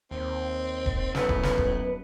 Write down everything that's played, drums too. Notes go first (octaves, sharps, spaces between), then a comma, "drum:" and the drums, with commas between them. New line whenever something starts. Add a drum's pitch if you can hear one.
D#2 C4
drum: kick D#1
F#2 A2 B3 B4, drum: snare
drum: kick D#1
drum: snare
drum: kick D#1